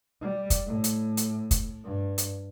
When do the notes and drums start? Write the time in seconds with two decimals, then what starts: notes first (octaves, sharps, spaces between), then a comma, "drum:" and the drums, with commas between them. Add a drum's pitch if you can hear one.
0.21 G3
0.50 drum: kick, hi-hat
0.67 A2
0.84 drum: hi-hat
1.17 drum: hi-hat
1.51 drum: kick, hi-hat
1.84 G2
2.18 drum: hi-hat